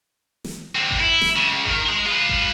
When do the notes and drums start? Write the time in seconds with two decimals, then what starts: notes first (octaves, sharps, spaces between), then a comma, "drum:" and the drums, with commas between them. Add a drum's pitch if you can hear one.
0.44 drum: snare
0.75 D3 C4
0.91 drum: kick G#1
1.00 E4
1.21 drum: snare
1.36 C#2 C#3
1.66 D#3 A#4, drum: kick G#1
1.89 G#3
2.06 F4 B4
2.29 drum: kick G#1